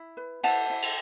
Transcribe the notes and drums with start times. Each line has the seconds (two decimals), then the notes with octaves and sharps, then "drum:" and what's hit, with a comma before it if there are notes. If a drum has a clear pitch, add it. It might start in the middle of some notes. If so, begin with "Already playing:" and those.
Already playing: E4
0.17 B4
0.43 E4 F#5 A5, drum: cymbal
0.70 E4
0.82 drum: cymbal